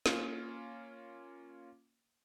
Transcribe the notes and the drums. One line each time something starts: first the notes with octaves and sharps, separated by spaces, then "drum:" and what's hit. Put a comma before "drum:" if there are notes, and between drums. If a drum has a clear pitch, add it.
A#3 C#4 F4, drum: snare